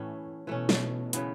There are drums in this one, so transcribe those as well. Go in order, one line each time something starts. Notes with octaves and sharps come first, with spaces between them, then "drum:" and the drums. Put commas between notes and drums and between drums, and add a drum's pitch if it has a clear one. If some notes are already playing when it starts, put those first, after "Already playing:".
Already playing: A2 E3 A3 C#4
B2 E3 A3 C#4
drum: snare
C#3 E3 B3, drum: hi-hat